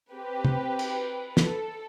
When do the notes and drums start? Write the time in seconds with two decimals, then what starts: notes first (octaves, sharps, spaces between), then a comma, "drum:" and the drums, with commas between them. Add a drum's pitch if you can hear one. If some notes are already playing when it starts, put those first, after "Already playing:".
0.12 C4 G4 B4
0.45 drum: tom
0.79 drum: cymbal
1.37 A4, drum: snare